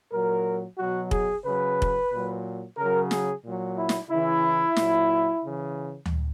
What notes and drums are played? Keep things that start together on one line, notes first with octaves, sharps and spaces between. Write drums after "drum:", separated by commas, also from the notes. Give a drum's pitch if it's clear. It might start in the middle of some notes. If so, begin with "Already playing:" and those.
A#2 F#3 A#4
B2 F#3 F#4
G#4, drum: kick
C#3 F#3 B4
drum: kick
A#2 F#3
C#3 F#3 A#4
G#4, drum: snare
A#2 F#3
E4
drum: snare
C#3 E3 E4
A#2 F#3, drum: snare
C#3 E3
drum: tom D2